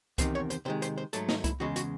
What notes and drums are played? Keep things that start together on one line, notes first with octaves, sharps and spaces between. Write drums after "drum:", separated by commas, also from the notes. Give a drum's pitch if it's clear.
E2 C3 D#3 C5, drum: kick C2, hi-hat
C#5
C5, drum: hi-hat
C3 D#3 G#3 C5
C5, drum: hi-hat
C5
G#2 F#3 A3 A4, drum: hi-hat
D#4, drum: snare
E4, drum: kick C2, hi-hat
E2 C#3 G#3 F#4
F#4, drum: hi-hat